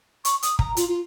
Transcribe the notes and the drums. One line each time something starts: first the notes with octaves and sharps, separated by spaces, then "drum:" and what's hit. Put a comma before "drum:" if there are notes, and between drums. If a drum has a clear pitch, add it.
C#6, drum: hi-hat
D#6, drum: hi-hat
A#5, drum: kick
F4, drum: hi-hat
F4